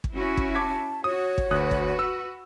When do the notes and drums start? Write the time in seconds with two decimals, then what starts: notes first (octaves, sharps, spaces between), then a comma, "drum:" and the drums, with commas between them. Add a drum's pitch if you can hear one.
0.04 drum: kick
0.13 C#4 E4 F#4
0.37 drum: kick
0.55 A5 D6 G#6 B6
1.04 F#4 C#5 D#6
1.38 drum: kick
1.51 D2 F#4 B4 D#6 F#6
1.71 drum: kick
1.99 E6